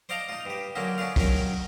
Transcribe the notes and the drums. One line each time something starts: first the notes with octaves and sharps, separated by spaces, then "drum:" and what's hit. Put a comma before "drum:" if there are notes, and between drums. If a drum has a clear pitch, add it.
C5 D5 D#5 F5 A5 A#5
D#4 F4
G2 G4
D3 F#3 A#3 C#4 D#4
C#4 D4 F4 F5
D#3 F#3 C#4 A#4, drum: kick, open hi-hat